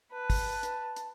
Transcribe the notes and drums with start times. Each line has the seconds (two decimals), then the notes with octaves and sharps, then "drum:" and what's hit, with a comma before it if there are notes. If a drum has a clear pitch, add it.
0.13 B4 A5
0.30 drum: kick, open hi-hat
0.63 drum: hi-hat
0.96 drum: hi-hat